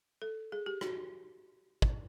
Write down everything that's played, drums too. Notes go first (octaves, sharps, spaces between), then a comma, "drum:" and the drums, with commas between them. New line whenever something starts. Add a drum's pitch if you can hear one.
A4
G#4
G4
F#4, drum: rim click
drum: kick